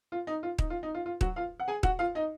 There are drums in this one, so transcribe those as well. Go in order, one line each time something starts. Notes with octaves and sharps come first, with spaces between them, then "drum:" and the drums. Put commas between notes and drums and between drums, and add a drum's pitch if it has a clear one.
F4
D#4
F4
D#4, drum: kick D#1
F4
D#4
F4
F4
F#3 F#4, drum: kick D#1
F4 F5
F#5
G#4 G#5
F#4 F#5, drum: kick D#1
F4 F5
D#4 D#5